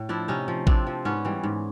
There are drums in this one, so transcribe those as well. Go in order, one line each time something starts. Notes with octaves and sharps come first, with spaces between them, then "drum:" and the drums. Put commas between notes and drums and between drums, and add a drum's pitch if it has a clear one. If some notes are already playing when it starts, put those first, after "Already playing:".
Already playing: A2
F3 D4 E4
C3 C#4 D#4
F3
C3 C4 D4, drum: kick A1
F3
G#2 B3 C#4
E3 G3
G#2